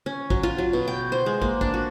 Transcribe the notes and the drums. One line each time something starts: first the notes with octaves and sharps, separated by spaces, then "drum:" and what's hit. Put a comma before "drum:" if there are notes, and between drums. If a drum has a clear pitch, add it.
C#4
F#3, drum: kick
F4
F#3
B2
G5
C5
G#3
A#3, drum: kick
D4, drum: kick
F#4